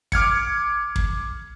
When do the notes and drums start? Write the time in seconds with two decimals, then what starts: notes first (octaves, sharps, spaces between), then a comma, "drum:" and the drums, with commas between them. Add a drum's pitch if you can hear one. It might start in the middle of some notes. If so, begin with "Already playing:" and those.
0.12 D6 F6 G#6 C#7, drum: kick
0.96 drum: kick